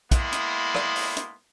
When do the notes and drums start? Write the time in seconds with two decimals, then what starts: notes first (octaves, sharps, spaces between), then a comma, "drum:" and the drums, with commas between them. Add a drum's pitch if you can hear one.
0.11 G#3 A#3 B3 E4 C6, drum: kick, hi-hat
0.32 drum: hi-hat
0.75 drum: rim click
0.96 drum: open hi-hat
1.17 drum: hi-hat